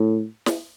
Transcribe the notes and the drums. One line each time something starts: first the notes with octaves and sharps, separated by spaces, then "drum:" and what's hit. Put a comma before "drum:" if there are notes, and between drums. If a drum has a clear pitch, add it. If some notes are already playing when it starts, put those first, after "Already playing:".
Already playing: A2
drum: snare